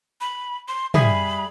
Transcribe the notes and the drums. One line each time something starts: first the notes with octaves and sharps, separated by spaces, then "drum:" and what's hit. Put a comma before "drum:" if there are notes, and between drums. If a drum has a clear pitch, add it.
B5
C6
G3 G#4 E5 B5, drum: tom